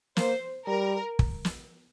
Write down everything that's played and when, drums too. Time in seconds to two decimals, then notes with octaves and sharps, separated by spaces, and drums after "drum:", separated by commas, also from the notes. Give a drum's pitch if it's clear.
0.17 A#3 C5, drum: snare
0.67 G3 A#4
1.19 drum: kick
1.45 drum: snare